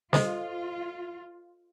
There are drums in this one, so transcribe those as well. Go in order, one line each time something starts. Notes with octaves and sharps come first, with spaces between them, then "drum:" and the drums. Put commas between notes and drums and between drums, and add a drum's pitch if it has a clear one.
F4 A4 C5 D#5, drum: snare